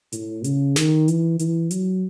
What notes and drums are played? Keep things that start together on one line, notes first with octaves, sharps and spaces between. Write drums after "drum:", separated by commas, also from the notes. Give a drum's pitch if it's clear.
A2, drum: hi-hat
C#3, drum: hi-hat
D#3, drum: snare
E3, drum: hi-hat
E3, drum: hi-hat
F#3, drum: hi-hat